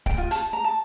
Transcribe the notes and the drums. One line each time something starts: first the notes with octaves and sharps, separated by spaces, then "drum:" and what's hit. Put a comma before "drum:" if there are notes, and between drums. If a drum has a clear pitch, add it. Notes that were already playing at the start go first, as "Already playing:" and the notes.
G5, drum: kick C#1
F4
A5, drum: hi-hat
A#5
A5